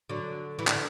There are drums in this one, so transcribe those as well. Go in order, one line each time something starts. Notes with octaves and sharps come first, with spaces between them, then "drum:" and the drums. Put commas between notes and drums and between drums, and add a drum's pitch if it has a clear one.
D3 F#3
E3
D3, drum: clap